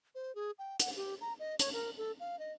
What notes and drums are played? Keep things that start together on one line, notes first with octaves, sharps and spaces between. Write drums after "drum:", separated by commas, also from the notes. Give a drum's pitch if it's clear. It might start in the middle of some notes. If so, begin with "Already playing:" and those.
C5
G#4
G5
F#5, drum: hi-hat
G4
A#5
D#5
C#5, drum: hi-hat
A#4
A4
F5
D#5